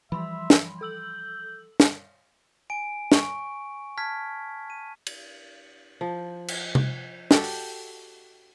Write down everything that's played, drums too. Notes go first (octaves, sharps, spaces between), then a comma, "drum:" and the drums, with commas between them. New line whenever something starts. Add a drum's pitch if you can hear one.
E3 F3 G3 E5 B5 C6
drum: snare
A4 E6 G6 F#7
drum: snare
G#5 D7
C#6, drum: snare
A5 F6 G#6 B6
D#7
drum: cymbal
F3
drum: cymbal
drum: tom C3
F#4 G4 A4 G5, drum: snare
drum: open hi-hat